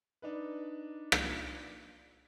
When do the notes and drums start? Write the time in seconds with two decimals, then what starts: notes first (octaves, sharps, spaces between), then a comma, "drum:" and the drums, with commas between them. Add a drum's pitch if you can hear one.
0.22 D4 D#4 B4
1.12 drum: rim click